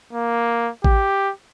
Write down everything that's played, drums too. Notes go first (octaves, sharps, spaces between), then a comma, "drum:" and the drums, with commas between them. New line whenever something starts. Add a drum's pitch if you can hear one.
A#3
G4, drum: kick A1